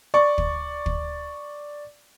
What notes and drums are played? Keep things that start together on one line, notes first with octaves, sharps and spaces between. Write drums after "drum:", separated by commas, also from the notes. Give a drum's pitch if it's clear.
D5 C#6
drum: kick
drum: kick